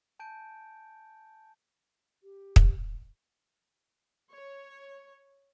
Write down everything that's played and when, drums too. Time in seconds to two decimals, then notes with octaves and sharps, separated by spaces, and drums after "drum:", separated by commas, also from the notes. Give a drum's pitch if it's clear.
0.19 G#5 A5 G6 D7
2.23 G4
2.56 drum: kick
4.31 C#5